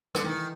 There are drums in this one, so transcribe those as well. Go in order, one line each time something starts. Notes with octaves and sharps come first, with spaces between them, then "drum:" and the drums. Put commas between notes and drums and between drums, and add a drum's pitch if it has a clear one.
D3, drum: rim click
D#3 E3